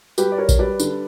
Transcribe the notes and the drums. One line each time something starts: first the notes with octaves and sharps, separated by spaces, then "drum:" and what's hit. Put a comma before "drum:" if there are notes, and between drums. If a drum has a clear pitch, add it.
G3 G4 B4, drum: tambourine
D5
G3 A#4 C#5
drum: kick A#1, tambourine
G3 B4 D5
D3, drum: tambourine